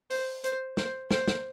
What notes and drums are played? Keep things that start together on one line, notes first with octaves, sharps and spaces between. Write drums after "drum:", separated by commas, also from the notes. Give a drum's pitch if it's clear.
C5, drum: open hi-hat
C5, drum: hi-hat
C5, drum: snare
C5, drum: snare
drum: snare